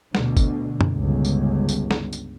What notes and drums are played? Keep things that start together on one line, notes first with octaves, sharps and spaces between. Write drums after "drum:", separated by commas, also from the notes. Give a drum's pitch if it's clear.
D2 B2 D3, drum: snare
drum: kick, tambourine
drum: tom F#2
G1 C#2
drum: tambourine
drum: tambourine
drum: snare
drum: tambourine